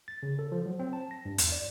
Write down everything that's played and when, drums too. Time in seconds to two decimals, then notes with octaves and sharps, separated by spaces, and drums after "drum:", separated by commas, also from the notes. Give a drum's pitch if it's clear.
0.08 A6
0.23 C#3
0.39 A4
0.52 F3
0.66 F#3
0.79 C4
0.93 A5
1.11 A#6
1.25 G2
1.38 E2, drum: hi-hat
1.52 D5